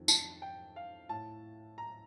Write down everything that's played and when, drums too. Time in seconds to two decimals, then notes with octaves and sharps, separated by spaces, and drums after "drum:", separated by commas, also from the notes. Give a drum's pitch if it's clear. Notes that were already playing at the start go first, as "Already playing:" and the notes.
Already playing: F2 D#3
0.08 A5, drum: tambourine
0.42 G5
0.76 F5
1.09 A2 A5
1.78 A#5